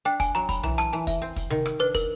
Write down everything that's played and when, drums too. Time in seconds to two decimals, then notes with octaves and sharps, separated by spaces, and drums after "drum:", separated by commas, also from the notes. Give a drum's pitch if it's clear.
0.05 D4 G5
0.20 G#5, drum: kick, hi-hat
0.35 F#3 A#5
0.49 B5, drum: kick, hi-hat
0.63 E3 A#5, drum: tom B1
0.78 A5, drum: rim click
0.93 E3 G#5
1.07 E5, drum: kick, hi-hat
1.22 C4
1.36 drum: kick, hi-hat
1.50 D#3, drum: tom C3
1.66 drum: rim click
1.79 D4 B4
1.95 A#4, drum: kick, hi-hat